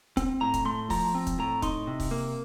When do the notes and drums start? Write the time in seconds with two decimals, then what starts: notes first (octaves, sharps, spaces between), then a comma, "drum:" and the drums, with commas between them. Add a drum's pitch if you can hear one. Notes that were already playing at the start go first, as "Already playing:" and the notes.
0.17 C4, drum: kick, hi-hat
0.41 A2 A#5
0.54 drum: kick, hi-hat
0.65 A3 C6
0.90 F3 A#5, drum: kick, open hi-hat
1.15 C4
1.27 drum: kick, hi-hat
1.39 A2 A#5
1.62 D#4 C6, drum: kick, hi-hat
1.87 C3
2.00 drum: kick, open hi-hat
2.11 A#3